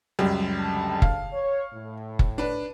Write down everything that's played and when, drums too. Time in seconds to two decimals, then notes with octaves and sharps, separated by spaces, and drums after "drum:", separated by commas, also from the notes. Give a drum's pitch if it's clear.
0.19 C#2 F#2 G3
0.59 D2 D3 A5
1.02 F5, drum: kick F#1
1.33 C#5
1.73 A2
2.19 drum: kick F#1
2.38 D4 B4